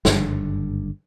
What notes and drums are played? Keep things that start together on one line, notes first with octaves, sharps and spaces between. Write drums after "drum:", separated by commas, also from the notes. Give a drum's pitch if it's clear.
F#1 G2 D3, drum: snare